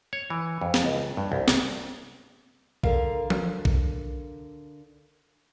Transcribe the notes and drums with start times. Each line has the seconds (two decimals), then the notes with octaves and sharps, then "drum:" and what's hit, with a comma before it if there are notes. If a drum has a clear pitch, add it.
0.13 C#5
0.30 E3
0.61 F2
0.74 drum: snare
0.84 C#2
1.17 G2
1.32 C2
1.48 drum: snare
2.83 D3 A#4 F5, drum: kick
3.30 drum: tom F3
3.65 drum: kick